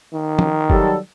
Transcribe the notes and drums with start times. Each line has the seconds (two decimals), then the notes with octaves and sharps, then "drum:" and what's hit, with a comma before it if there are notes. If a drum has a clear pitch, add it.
0.13 D#3
0.39 drum: tom
0.70 F#3 G3 A4, drum: kick